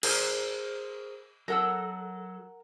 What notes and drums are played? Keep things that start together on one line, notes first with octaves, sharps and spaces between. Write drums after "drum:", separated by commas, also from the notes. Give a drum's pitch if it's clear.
G#4 A#4 C5, drum: cymbal
F#3 A4 A#4 F#5 E6